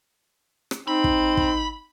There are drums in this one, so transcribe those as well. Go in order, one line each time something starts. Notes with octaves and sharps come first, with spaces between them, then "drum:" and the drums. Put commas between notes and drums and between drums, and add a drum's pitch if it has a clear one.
drum: rim click
C4 D#4 B5
drum: kick
drum: kick